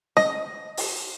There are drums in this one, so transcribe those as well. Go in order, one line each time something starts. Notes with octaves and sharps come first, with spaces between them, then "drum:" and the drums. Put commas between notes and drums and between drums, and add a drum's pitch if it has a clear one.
D#5, drum: snare C#4
drum: open hi-hat